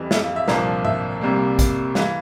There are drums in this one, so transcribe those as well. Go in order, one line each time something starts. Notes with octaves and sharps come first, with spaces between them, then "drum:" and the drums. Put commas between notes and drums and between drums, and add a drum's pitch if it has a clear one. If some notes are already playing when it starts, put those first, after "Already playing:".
Already playing: F2 E3 G3
E5, drum: snare
F5
E5
C2 A#2 F3 A#3 D4, drum: snare
E5, drum: tom G#2
C2 C3 G3 A#3
drum: kick G#1, hi-hat
E3 F5, drum: snare